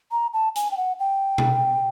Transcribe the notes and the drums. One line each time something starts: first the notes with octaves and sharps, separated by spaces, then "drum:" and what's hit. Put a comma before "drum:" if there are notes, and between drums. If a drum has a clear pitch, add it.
A#5
A5
G#5, drum: hi-hat
G5
F#5
G5
drum: tom B2